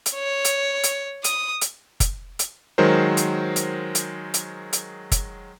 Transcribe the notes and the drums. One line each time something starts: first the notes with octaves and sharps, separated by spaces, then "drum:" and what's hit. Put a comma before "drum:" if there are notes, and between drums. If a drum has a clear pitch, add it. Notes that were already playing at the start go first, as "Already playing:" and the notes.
drum: hi-hat
C#5
drum: hi-hat
drum: hi-hat
D#6, drum: hi-hat
drum: hi-hat
drum: kick F#1, hi-hat
drum: hi-hat
D#3 F#3 G#3 A#4 C5
drum: hi-hat
drum: hi-hat
drum: hi-hat
drum: hi-hat
drum: hi-hat
drum: kick F#1, hi-hat